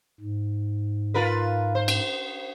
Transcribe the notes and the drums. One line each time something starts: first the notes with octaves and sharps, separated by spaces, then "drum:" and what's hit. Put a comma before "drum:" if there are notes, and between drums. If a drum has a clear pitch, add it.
G#2
F4 A#4 B4
C5
drum: cymbal